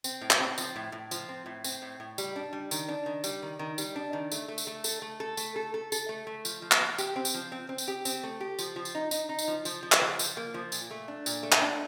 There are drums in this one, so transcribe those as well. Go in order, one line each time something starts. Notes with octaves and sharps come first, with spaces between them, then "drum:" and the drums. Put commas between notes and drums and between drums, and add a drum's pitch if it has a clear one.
C4, drum: tambourine
A2
drum: clap
C4
F3, drum: tambourine
A2
A2
F3, drum: tambourine
C4
A2
C4, drum: tambourine
A2
A2
G3, drum: tambourine
D4
G3
D#3, drum: tambourine
D4
D#3
G3, drum: tambourine
D#3
D#3
G3, drum: tambourine
D4
D#3
A3, drum: tambourine
A3
drum: tambourine
A3
A4, drum: tambourine
A3
A4
A3, drum: tambourine
A4
A4
A4, drum: tambourine
A3
A3
F3, drum: tambourine
F3
drum: clap
F3
G4, drum: tambourine
C4
drum: tambourine
F3
C4
C4
drum: tambourine
G4
C4, drum: tambourine
A3
G4
F3, drum: tambourine
F3
drum: tambourine
D#4
D#4, drum: tambourine
D#4
drum: tambourine
F3
F3, drum: tambourine
F3
drum: clap
F3
F3, drum: tambourine
A#3
F3
A#2, drum: tambourine
A3
D4
A#2, drum: tambourine
A3
drum: clap
D4